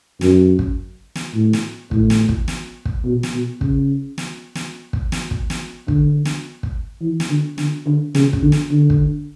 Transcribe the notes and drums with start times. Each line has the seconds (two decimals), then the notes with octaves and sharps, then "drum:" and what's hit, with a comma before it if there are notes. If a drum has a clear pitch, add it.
0.21 F#2, drum: snare
0.59 drum: kick
1.15 drum: snare
1.34 A2
1.53 drum: snare
1.91 A2, drum: kick
2.10 drum: snare
2.29 drum: kick
2.48 drum: snare
2.85 drum: kick
3.05 B2
3.23 drum: snare
3.33 B2
3.61 C#3, drum: kick
4.18 drum: snare
4.55 drum: snare
4.93 drum: kick
5.12 drum: snare
5.31 drum: kick
5.50 drum: snare
5.88 D3, drum: kick
6.25 drum: snare
6.63 drum: kick
7.01 E3
7.20 drum: snare
7.30 D3
7.58 D3, drum: snare
7.86 D3
8.15 C#3, drum: snare
8.33 drum: kick
8.42 D3
8.52 drum: snare
8.71 D3
8.90 drum: kick